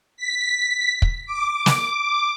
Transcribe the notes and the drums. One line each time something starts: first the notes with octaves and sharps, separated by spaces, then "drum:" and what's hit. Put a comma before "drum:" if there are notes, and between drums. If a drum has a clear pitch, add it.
B6
drum: kick
D6
drum: snare